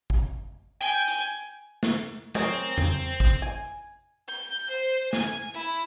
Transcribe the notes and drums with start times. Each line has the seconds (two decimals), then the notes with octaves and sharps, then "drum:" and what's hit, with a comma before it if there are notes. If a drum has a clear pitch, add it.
0.10 drum: kick
0.81 G5 G#5
1.08 drum: hi-hat
1.83 drum: snare
2.35 C4 G#4 A#4 C#5, drum: tom G#3
2.78 drum: tom E2
3.20 drum: kick
3.42 G#5
4.28 G6
4.70 C5
5.13 G#5, drum: snare
5.54 E4